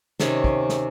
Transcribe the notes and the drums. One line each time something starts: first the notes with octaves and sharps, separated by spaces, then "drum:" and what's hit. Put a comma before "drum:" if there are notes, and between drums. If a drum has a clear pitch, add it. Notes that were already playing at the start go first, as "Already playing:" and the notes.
C3 D#3 C4 C#4, drum: snare
drum: kick
drum: snare